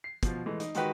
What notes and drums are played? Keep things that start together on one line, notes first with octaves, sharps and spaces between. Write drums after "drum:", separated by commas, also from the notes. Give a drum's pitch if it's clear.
C7
B2 F3, drum: kick, hi-hat
E3 G#3 A3
D#4, drum: hi-hat
D#3 G#3 D#4 F#4 G4 B4, drum: hi-hat